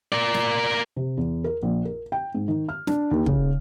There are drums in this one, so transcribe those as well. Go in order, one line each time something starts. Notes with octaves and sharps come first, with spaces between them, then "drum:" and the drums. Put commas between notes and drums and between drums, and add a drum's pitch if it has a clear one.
A#4 D5
drum: snare
C3
E2
A#4
A#1
A#4
G5
G#2
D#3
F6
D4, drum: snare
D#2
C#3, drum: kick